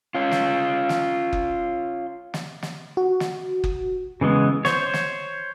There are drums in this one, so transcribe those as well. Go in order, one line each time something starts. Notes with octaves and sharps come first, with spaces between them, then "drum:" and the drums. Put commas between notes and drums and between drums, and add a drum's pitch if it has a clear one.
C#4 F4
drum: snare
drum: snare
drum: kick F#1
drum: snare
drum: snare
F#4
drum: snare
drum: kick F#1
C#3 E3 G#3 B3
C5 C#5, drum: snare
drum: snare